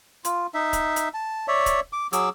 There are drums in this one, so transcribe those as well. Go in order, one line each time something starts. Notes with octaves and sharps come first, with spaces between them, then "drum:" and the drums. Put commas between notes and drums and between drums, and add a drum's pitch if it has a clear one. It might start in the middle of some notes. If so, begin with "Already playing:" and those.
F4, drum: hi-hat
D#4 E5
drum: kick D1, hi-hat
drum: hi-hat
A5
C#5 D5 E5
drum: kick D1, hi-hat
D6
F#3 G#4 D6 E6, drum: hi-hat